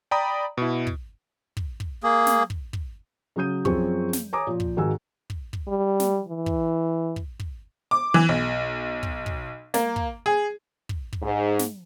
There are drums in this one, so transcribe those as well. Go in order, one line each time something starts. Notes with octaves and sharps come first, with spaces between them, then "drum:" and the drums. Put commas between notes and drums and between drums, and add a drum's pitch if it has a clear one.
D5 G5 A#5 B5 D#6
B2 E4
drum: kick
drum: kick
drum: kick
A#3 G#4
drum: snare
drum: kick
drum: kick
C#3 F#3 F#4 D#6 G6 D#7
F#2 F3 C4 G#4 C#6, drum: kick
drum: snare
C#5 G#5 A#5 D6 D#6
A#2 F3
drum: kick
G#1 D#3 F#4 G#4 G#5 E6
drum: kick
drum: kick
G3
drum: snare
E3
drum: kick
drum: kick
drum: kick
D6
E3
B1
drum: kick
drum: kick
A#3, drum: snare
drum: kick
G#4
drum: kick
drum: kick
G#2
drum: snare